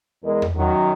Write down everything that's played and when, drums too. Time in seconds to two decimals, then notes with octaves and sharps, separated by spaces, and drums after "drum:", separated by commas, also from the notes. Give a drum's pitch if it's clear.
0.23 E2 G#3 A#4 D#5
0.42 drum: tom E2
0.55 F#2 D#3 F#3